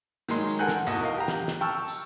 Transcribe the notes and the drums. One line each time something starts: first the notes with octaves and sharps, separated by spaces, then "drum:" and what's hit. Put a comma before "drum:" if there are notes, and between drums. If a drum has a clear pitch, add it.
D#3 F#3 G#3 C6, drum: tambourine
drum: tambourine
A4 A#4 F#5 G#5 F#6 G6
drum: snare
E2 B2 D#4 F#4 D#5 A5, drum: tambourine
A#4 D#5 F5
G4 A#5
drum: snare
drum: snare
G5 A5 C#6 E6 F6
drum: tambourine